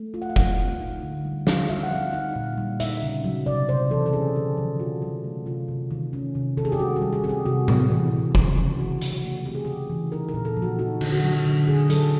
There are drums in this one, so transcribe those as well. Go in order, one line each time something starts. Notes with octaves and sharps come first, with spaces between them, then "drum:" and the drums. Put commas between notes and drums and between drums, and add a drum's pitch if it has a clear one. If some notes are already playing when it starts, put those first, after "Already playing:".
Already playing: A3
F4
F#5
F5
F3 F#5, drum: kick F1
A3
D#4
D3
G3
G3 F5, drum: snare
G3 E5
F#5
C4 F5
D#4 F#5
A#2
G3
D#4 E5, drum: hi-hat
C#3
F#3
C3 D5
C3 C5
E3 A4
A4
C#4 G#4
D3 G4
F3
F4 F#4
F#3
A3
C3 F4
C3
D#3
C#4
C3
D#3 A4
G#4
G4
G3 F#4
G4
G3
G#4
C4 G#4
G4
C3 F#4
C3, drum: tom A2
E3
C#3
C#3, drum: kick F1
F3
F#3 F#4
F#3, drum: hi-hat
F#4
A3
C4 G4
G#4
C#3 G4
E3
D#4 A#4
A#4
A#2
A4
F3
F#4
D#4 F#4
D3, drum: cymbal
F#4
F#3
D3
D3 G#4
F#3 A4, drum: hi-hat